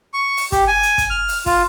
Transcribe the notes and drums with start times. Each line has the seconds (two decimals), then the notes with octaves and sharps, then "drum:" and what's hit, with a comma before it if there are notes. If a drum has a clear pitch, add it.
0.14 C#6
0.37 drum: open hi-hat
0.52 G4, drum: kick, hi-hat
0.68 G#5
0.83 drum: hi-hat
0.98 drum: kick, hi-hat
1.10 F6
1.28 drum: open hi-hat
1.46 F4, drum: kick, open hi-hat